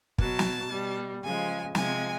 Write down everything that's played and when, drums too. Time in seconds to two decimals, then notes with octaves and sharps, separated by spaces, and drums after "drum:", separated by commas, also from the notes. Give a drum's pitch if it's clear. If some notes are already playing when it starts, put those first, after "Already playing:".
0.18 B2 F#3 A5, drum: kick
0.39 drum: snare
0.70 B2 G3
1.23 C#3 F3 G#3 G#5
1.75 C3 F3 G#3 G#5, drum: snare